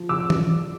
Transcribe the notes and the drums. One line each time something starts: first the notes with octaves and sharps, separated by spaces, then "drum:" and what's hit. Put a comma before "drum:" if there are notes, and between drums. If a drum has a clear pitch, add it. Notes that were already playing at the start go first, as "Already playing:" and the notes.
Already playing: F3
F1 D6 E6
drum: tom